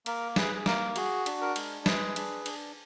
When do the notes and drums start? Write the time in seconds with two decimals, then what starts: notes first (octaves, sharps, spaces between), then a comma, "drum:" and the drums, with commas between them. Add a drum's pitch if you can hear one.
0.06 A#3 A#4, drum: cymbal
0.36 G#4 B4, drum: snare
0.55 G#4
0.66 A#3 A#4, drum: snare
0.96 F#4 G#4, drum: cymbal
1.26 D4, drum: cymbal
1.41 A#4
1.56 G#3, drum: cymbal
1.86 G#4 B4, drum: snare
2.16 D4, drum: cymbal
2.46 D4, drum: cymbal